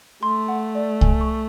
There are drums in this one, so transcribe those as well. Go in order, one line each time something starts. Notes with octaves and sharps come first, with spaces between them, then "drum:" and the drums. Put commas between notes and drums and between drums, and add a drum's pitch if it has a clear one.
A3 C6
F#5
D5
G#5, drum: kick C2
C#6